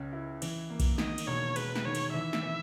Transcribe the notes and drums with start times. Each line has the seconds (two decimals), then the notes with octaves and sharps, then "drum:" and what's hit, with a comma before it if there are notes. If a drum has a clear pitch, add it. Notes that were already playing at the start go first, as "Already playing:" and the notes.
Already playing: C#2 C#4
0.13 E4
0.42 E3, drum: cymbal
0.70 A#3
0.80 drum: kick B1, cymbal
0.98 D#3 D#5, drum: snare
1.18 drum: cymbal
1.27 E1 C#5
1.56 G#3 B4, drum: cymbal
1.76 drum: snare
1.85 D#3 C#5
1.95 drum: cymbal
2.14 E3 E5
2.33 drum: snare
2.43 E3